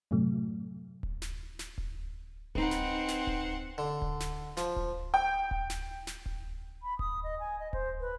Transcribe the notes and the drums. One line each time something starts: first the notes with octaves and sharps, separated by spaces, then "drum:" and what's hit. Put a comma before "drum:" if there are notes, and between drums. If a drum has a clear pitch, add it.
F#2 A2 C3 F#3 A3
drum: kick D1
drum: snare
drum: snare
drum: kick D1
C4 D#4 B4 F#5, drum: kick D1
drum: snare
drum: snare
drum: kick D1
D3
drum: kick D1
drum: snare
F3, drum: snare
drum: kick D1
G5
drum: kick D1
drum: snare
drum: snare
drum: kick D1
B5
D#6, drum: kick D1
D#5
G#5
D#5
C5, drum: kick D1
B4